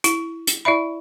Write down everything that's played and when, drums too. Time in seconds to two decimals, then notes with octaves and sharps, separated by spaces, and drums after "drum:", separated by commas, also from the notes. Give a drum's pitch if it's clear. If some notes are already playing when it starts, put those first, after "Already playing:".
0.04 E4, drum: hi-hat
0.47 drum: hi-hat
0.65 E4 D5 E5 B5